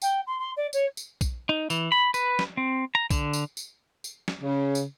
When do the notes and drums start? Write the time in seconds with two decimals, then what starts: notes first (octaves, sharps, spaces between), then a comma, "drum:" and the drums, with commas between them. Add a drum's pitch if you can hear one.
0.02 G5, drum: tambourine
0.26 C6
0.39 C6
0.56 D5
0.73 C#5, drum: tambourine
0.97 drum: tambourine
1.21 drum: kick, tambourine
1.49 D#4
1.70 E3, drum: tambourine
1.92 B5
2.14 B4, drum: tambourine
2.39 drum: snare
2.57 C4
2.95 A#5
3.10 D3, drum: kick, tambourine
3.33 drum: tambourine
3.57 drum: tambourine
4.04 drum: tambourine
4.28 drum: snare
4.43 C#3
4.75 drum: tambourine